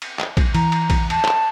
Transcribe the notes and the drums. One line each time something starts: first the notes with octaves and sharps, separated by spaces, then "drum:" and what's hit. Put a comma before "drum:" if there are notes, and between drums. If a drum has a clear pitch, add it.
drum: cymbal
drum: clap
drum: kick A#1, cymbal
E3 A#5, drum: cymbal
drum: cymbal
drum: kick A#1, cymbal
A5, drum: cymbal
drum: clap